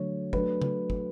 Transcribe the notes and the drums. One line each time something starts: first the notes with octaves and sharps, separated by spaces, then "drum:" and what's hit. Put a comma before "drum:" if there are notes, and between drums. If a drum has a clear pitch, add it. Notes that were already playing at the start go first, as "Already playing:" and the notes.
Already playing: D3 F#3 A3 C#5
F#3 A3 D4 B4, drum: kick
drum: tom C#3
drum: kick